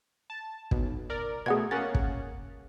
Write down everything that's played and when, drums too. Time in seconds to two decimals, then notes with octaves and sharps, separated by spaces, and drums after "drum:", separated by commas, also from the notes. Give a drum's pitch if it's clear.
0.30 A5
0.71 B1, drum: kick
1.10 A#4 D5
1.46 B2 A3 G#4 F#5 G#6
1.71 A#3 C#4 F#5 A6
1.95 drum: kick